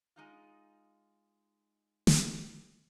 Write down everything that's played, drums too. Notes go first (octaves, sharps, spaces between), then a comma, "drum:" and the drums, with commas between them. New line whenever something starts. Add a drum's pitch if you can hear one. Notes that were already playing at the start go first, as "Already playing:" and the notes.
G#3 D#4 F4
drum: snare